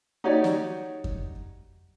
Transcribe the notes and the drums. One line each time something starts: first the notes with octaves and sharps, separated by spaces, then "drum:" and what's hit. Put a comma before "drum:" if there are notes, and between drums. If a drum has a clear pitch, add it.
D#4 F#4 G4 C#5 D5
drum: snare
drum: kick F2